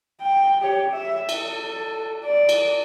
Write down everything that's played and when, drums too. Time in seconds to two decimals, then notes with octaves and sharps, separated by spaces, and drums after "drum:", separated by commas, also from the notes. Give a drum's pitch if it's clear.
0.22 G5
0.61 G4 C#5
0.91 E5
1.29 A4, drum: cymbal
2.25 D5
2.49 drum: cymbal